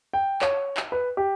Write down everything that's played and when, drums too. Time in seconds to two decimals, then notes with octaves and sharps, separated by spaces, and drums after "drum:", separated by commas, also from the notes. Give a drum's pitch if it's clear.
0.13 G5
0.42 C#5, drum: clap
0.77 drum: clap
0.92 B4
1.17 G4